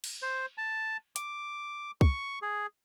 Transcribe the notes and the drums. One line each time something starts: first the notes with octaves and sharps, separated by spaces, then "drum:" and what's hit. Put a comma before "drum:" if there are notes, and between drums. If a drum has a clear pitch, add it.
drum: cymbal
C5
A5
D6, drum: hi-hat
C#6, drum: kick
G#4